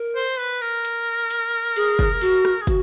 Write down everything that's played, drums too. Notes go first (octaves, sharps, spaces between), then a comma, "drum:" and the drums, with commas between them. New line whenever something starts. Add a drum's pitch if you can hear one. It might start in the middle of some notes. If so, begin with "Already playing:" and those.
Already playing: A#4
C5
B4
A#4
drum: hi-hat
drum: hi-hat
G#4, drum: hi-hat
drum: kick
F#4, drum: open hi-hat
drum: rim click
G#4
F#4, drum: kick, hi-hat